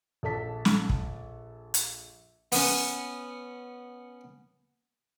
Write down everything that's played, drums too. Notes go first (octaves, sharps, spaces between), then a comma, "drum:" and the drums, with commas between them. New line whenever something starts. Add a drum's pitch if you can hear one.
A#1 A4 A5 B6
drum: snare
drum: kick
drum: hi-hat
B3 C#4, drum: open hi-hat